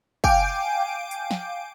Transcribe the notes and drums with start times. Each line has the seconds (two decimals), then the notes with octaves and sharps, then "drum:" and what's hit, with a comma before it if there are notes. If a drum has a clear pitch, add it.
0.24 F5 G5 G#5 D6 G6 D7, drum: kick
1.11 drum: hi-hat
1.31 drum: snare